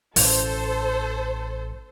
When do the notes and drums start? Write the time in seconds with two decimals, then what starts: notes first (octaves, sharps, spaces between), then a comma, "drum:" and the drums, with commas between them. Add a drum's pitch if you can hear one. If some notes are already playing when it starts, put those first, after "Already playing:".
0.16 A1 A4 C5, drum: open hi-hat